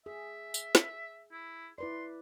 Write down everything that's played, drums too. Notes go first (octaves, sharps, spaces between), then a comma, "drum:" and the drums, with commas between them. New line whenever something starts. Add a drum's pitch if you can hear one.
G#4 E5
drum: tambourine
drum: snare
E4
E4 B4 D5 C6